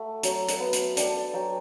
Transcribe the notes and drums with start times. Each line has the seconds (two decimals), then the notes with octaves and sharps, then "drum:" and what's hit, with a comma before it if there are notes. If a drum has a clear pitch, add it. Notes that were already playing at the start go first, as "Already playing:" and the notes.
Already playing: A3 F#5
0.23 F#3, drum: hi-hat
0.48 drum: hi-hat
0.60 B3
0.73 drum: hi-hat
0.97 D4 G5, drum: hi-hat
1.15 A5
1.34 F#3 G5